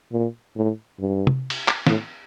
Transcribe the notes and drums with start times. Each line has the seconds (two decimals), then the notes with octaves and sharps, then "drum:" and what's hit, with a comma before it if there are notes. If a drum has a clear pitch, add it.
0.12 A#2
0.56 A2
1.00 G2
1.27 drum: tom C3
1.50 drum: cymbal
1.68 drum: clap
1.87 A2, drum: snare